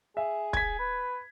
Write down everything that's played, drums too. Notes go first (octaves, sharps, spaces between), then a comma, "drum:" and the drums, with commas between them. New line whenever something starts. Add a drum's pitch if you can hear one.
G#4 E5
G#6 B6, drum: kick
B4